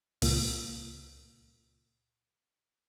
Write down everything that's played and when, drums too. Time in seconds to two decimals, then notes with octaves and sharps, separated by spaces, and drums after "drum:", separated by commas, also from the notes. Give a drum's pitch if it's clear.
0.22 C#2 A#2, drum: open hi-hat